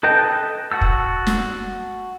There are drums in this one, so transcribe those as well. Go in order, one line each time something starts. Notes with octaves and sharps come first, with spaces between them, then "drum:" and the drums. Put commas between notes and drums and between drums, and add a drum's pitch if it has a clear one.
A4 B4 D#5 G5 A5
F#4 F#5 A5 E6
drum: kick
drum: snare